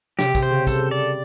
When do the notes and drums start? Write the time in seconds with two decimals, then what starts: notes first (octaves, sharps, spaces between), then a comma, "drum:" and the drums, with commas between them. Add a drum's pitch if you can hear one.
0.19 C3 G4, drum: snare
0.35 C3, drum: kick, tambourine
0.43 C5
0.51 C#3
0.67 G3 A4, drum: kick, tambourine
0.91 D5